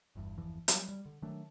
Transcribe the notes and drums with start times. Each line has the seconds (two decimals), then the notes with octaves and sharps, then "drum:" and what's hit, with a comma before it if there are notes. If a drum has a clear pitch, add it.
0.15 G1 E2 G2
0.38 G1 E2 E3 F3
0.68 F#3 G3, drum: hi-hat
0.89 G3
1.06 D3
1.22 D#3 F#3 A3 D4